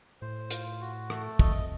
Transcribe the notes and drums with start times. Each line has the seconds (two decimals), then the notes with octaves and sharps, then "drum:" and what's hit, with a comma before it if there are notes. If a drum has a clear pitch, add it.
0.22 A2 C5
0.51 F4, drum: hi-hat
0.81 F#4
1.10 A3, drum: rim click
1.39 F2 D#5, drum: kick